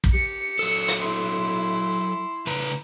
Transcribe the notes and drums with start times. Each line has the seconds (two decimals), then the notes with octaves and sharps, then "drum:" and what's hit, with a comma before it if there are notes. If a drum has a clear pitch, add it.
0.04 drum: kick
0.13 G4 C#7
0.59 F#3 A4 E6
0.88 drum: hi-hat
1.02 E4 C6
2.47 C#3 B4 A#5